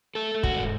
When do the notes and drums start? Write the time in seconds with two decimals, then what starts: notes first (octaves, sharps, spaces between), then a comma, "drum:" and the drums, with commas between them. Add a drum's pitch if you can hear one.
0.15 A3 A4
0.34 A3
0.43 F#4, drum: kick
0.52 G#2